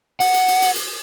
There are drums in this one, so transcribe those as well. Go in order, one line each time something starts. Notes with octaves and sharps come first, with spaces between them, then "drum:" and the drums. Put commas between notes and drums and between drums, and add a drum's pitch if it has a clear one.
F#5, drum: open hi-hat
drum: hi-hat
drum: open hi-hat
drum: open hi-hat
drum: hi-hat